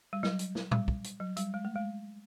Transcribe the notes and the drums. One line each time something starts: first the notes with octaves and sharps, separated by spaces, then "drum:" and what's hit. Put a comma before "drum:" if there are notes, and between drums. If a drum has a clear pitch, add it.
G3
F#3, drum: snare
drum: hi-hat
drum: snare
G3, drum: tom
drum: kick
drum: hi-hat
F#3
G3, drum: hi-hat
G#3
A3
G#3